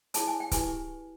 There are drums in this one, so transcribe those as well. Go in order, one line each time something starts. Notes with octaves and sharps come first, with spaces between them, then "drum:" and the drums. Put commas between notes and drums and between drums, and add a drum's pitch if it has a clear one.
E4 G#4 C#5 A5, drum: hi-hat
G#5
G5
E4 G4 B4 G#5, drum: kick C#1, hi-hat